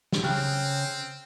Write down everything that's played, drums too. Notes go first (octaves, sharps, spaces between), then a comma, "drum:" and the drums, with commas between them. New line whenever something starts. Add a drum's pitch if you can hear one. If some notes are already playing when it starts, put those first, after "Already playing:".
drum: snare
C#3 C4 G5 F6 F#6